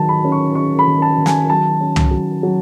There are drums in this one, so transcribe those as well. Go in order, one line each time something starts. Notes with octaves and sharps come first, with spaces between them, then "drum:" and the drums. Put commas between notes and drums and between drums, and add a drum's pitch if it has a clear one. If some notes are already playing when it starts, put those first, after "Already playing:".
Already playing: D#3 F#3 A5
B5
C#4
C#6
C#4 C#6
B5
D#3
A5
D#3
G#5, drum: snare
F#3 A5
C#4
drum: tom
F#3
F#3